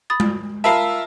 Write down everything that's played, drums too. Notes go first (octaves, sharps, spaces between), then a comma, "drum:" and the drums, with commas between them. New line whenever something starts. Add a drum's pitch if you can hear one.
B5 D#6 A6
drum: tom G#3
F4 A#4 E5 A5 B5 C7